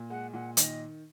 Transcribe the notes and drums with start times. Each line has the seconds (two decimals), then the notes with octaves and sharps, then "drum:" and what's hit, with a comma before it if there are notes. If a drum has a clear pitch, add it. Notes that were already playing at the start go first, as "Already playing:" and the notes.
Already playing: A#2
0.10 G#3 F#5
0.34 A#2 F#5
0.57 D#3 D#5, drum: hi-hat